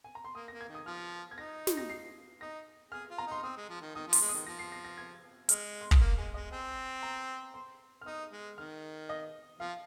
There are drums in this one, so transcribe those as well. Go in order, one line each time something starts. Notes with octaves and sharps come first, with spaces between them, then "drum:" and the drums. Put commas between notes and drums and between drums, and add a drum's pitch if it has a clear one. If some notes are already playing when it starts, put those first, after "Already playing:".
G#5
A#5
C6
A#3 D#6
A#6
A#3
G#6
D#3
D#6
F3 F6
G#6
D#4 A#6
drum: snare
A#6
C7
D#4 A#6
G#4 F6
F4
A#5
D#4 C6
C4 D#6
G#3
F3
D#3
D#3 D#6
F3
C6, drum: open hi-hat
G#3
D#6
D#3
F3 A#6
C7
A#6
A#6
G#6
G#3 F6, drum: hi-hat
C6
D#6, drum: kick
A#3 F6
G#3 G#5
G#3 D#5
C4 G#5
A#5
C6
F6
D#4 D#6
G#3
D#3 F6
D#5
F3 F5